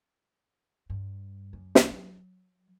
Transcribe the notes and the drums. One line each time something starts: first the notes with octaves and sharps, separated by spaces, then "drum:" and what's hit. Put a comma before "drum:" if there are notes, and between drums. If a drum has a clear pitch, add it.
G2
F#2
C2, drum: snare
F#3